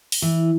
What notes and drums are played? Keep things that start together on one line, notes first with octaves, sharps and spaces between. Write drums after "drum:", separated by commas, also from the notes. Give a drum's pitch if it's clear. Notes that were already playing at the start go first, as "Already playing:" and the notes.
drum: open hi-hat
E3